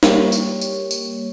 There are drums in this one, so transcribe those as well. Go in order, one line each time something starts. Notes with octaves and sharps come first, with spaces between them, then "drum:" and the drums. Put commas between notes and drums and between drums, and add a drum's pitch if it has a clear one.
G3 A#3 G4 C#5, drum: snare
drum: tambourine
drum: tambourine
drum: tambourine